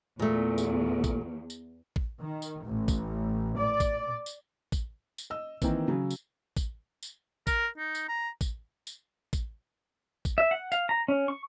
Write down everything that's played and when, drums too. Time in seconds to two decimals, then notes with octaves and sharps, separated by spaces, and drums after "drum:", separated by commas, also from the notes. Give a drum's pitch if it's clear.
0.19 E2 A#2 A3
0.58 drum: tambourine
1.04 drum: kick A1, tambourine
1.50 drum: tambourine
1.96 drum: kick A1
2.20 D#3
2.42 drum: tambourine
2.65 A1
2.88 drum: kick A1, tambourine
3.58 D5
3.80 drum: kick A1, tambourine
4.26 drum: tambourine
4.72 drum: kick A1, tambourine
5.18 drum: tambourine
5.30 D#5 E6
5.62 D#3 E3 A#3 C4, drum: kick A1, tambourine
5.88 C#3 F#3
6.10 drum: tambourine
6.57 drum: kick A1, tambourine
7.03 drum: tambourine
7.47 A#4, drum: kick A1, tambourine
7.78 D#4
7.95 drum: tambourine
8.09 A#5
8.41 drum: kick A1, tambourine
8.87 drum: tambourine
9.33 drum: kick A1, tambourine
10.25 drum: kick A1, tambourine
10.38 E5
10.51 F#5
10.72 F5, drum: tambourine
10.89 A#5
11.08 C#4
11.28 C#6